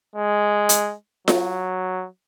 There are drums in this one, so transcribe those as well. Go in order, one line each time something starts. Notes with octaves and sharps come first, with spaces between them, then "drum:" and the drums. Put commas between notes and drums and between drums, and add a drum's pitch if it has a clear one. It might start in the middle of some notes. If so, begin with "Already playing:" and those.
G#3
drum: hi-hat
F#3, drum: snare F4